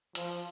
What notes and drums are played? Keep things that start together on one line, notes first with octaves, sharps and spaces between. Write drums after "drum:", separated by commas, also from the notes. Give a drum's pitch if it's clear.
F3, drum: hi-hat